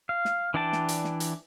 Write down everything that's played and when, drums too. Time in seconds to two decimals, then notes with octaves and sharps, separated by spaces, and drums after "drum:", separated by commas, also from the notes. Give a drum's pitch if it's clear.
0.09 F5
0.25 drum: snare
0.54 E3 D4 D5 G5 A5
0.73 drum: snare
0.88 drum: hi-hat
1.04 drum: snare
1.20 drum: hi-hat